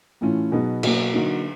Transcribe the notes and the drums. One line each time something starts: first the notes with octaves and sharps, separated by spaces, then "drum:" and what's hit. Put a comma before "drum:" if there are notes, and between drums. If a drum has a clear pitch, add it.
A2 E3 A3 C#4 F4
B2 F#3 B3 D#4 G#4
B2 F#3 A#3, drum: cymbal
D3 F#3 A#3 D#4 F#4